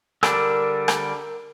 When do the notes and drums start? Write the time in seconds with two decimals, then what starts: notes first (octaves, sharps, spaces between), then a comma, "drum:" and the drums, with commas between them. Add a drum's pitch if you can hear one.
0.23 D3 G3 D4 A#4 E6, drum: rim click
0.88 drum: rim click